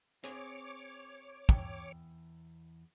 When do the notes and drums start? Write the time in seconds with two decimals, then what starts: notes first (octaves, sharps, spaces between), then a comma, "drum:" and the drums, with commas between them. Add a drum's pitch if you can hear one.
0.24 C4 G#4 C#5 D6, drum: hi-hat
1.49 E2 G5, drum: kick